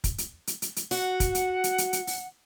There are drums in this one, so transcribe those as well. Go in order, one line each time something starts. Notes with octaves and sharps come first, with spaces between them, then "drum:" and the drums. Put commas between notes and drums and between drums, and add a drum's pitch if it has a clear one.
drum: kick, hi-hat
drum: hi-hat
drum: hi-hat
drum: hi-hat
drum: hi-hat
F#4 F#5, drum: open hi-hat
drum: kick, hi-hat
drum: hi-hat
drum: hi-hat
drum: hi-hat
drum: hi-hat
drum: open hi-hat